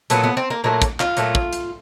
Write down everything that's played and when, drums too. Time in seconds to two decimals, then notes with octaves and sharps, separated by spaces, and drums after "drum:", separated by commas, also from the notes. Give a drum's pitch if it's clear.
0.10 A#2 F#3 A3 B3, drum: hi-hat
0.24 B3
0.37 C4
0.50 A#3
0.64 A#2 F#3 A3 A#3
0.82 drum: kick, hi-hat
1.00 F4, drum: clap
1.17 A#2 F#3 A3, drum: hi-hat
1.35 drum: kick
1.53 drum: hi-hat